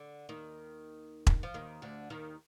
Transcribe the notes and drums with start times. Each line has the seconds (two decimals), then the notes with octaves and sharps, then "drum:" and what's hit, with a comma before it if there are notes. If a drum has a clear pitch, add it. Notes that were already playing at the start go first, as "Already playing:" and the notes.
Already playing: D3
0.29 D#2 D#3
1.27 drum: kick E1
1.43 F3
1.54 D#2 D#3
1.82 D2 D3
2.10 D#2 D#3